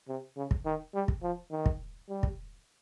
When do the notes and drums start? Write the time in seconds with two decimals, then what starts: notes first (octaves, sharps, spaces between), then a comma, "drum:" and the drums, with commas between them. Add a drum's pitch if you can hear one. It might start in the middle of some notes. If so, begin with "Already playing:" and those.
0.08 C3
0.37 C#3
0.51 drum: kick
0.65 D#3
0.94 G3
1.08 drum: kick
1.23 F3
1.51 D#3
1.66 drum: kick
2.09 G3
2.23 drum: kick